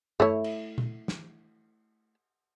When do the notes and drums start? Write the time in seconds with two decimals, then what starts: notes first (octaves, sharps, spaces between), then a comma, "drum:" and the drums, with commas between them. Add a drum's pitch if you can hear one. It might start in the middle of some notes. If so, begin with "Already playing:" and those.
0.20 A3 E4 C#5, drum: tom G2
0.44 drum: cymbal
0.78 drum: tom A#2
1.08 drum: snare